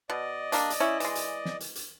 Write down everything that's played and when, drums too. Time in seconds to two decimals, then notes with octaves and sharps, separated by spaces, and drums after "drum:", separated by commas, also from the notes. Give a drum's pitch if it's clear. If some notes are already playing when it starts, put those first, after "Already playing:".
0.10 B2 D5 D#5
0.52 G3 A#3 D4, drum: hi-hat
0.70 drum: hi-hat
0.80 C#4 E4
1.00 E3 G#3, drum: hi-hat
1.15 drum: hi-hat
1.45 drum: snare
1.60 drum: hi-hat
1.75 drum: hi-hat